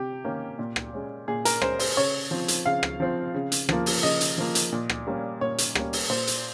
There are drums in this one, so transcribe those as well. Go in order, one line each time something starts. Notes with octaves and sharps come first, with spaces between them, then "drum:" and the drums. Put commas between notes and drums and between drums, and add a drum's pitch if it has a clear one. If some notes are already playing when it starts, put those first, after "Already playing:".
Already playing: C3 G4
D#3 A#3 C#4
A#2
drum: rim click
G#3 C#4
A#2 G#4
A#4, drum: hi-hat
G#3 C#4 C5, drum: rim click
C5, drum: open hi-hat
C#3 C#5
F3 C4
drum: hi-hat
C#3 F5
drum: rim click
F3 C4
C#3
drum: hi-hat
F3 A#3, drum: rim click
drum: open hi-hat
C#3 D#5
drum: hi-hat
F3 A#3
drum: hi-hat
A#2
drum: rim click
G3 A#3 C#4
A#2 C#5
drum: hi-hat
G3 A#3 C#4, drum: rim click
drum: open hi-hat
A#2 C5
drum: hi-hat